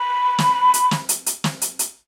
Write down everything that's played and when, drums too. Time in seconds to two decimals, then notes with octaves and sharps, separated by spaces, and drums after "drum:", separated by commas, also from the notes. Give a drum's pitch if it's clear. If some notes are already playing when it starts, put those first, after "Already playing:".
Already playing: B5
0.38 drum: snare
0.74 drum: hi-hat
0.91 drum: snare
1.09 drum: hi-hat
1.26 drum: hi-hat
1.44 drum: snare
1.62 drum: hi-hat
1.79 drum: hi-hat